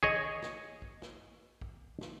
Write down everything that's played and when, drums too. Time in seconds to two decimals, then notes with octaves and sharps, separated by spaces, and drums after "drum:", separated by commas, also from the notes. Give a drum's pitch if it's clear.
0.03 G#4 C#5 D#5, drum: kick
0.42 drum: snare
0.82 drum: kick
1.02 drum: snare
1.61 drum: kick
2.01 drum: snare